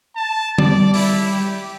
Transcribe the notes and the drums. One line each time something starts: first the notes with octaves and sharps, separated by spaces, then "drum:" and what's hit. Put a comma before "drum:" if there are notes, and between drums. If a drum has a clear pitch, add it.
A5
G3 D5, drum: tom
E4, drum: open hi-hat
G4